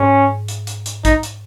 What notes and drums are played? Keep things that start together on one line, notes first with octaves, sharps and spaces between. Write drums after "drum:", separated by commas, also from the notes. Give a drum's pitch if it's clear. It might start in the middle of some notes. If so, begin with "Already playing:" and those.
Already playing: G#2 C#4
drum: hi-hat
drum: hi-hat
drum: hi-hat
D#4, drum: kick, hi-hat
drum: hi-hat